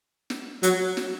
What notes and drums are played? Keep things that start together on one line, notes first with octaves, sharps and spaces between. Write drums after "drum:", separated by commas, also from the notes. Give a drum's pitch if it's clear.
drum: snare
F#3, drum: hi-hat
drum: snare